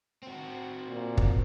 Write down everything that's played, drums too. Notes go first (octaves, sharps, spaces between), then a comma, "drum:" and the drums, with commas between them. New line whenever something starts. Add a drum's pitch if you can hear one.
C4 F#4
A#2
drum: kick